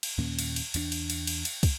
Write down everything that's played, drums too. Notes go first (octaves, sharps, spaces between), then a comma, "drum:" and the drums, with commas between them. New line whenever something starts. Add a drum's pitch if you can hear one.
drum: cymbal
D#2 A#2 A#3 C#4
drum: cymbal
drum: cymbal
E2 B3 D4, drum: cymbal
drum: cymbal
drum: cymbal
drum: cymbal
drum: cymbal
drum: kick, cymbal